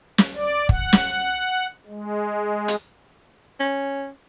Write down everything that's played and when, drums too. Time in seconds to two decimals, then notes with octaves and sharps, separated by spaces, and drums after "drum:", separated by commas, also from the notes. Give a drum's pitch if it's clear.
0.18 drum: snare
0.35 D5
0.69 F#5, drum: kick
0.93 drum: snare
1.86 G#3
2.68 drum: hi-hat
3.60 C#4